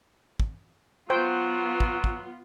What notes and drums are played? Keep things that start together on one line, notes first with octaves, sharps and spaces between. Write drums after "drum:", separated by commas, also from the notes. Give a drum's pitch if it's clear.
drum: kick
F#3 B3 F4 C5 G5
drum: kick
drum: kick